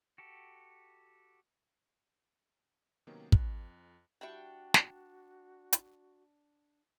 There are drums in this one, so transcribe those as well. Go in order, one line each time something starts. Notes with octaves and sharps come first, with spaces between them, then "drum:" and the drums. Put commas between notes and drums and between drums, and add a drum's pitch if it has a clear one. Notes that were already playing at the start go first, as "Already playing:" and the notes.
F#4 G4 A4
C3 D#3 F#3 A#3 B3 C#4
F2 F#6, drum: kick
G3 D4 E4 F#4 G5 C#6
drum: snare
drum: hi-hat